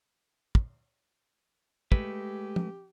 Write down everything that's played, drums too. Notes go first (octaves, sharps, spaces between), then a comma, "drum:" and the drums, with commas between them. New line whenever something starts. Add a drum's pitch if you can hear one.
drum: kick
G#3 A3 G4 B4, drum: kick
drum: tom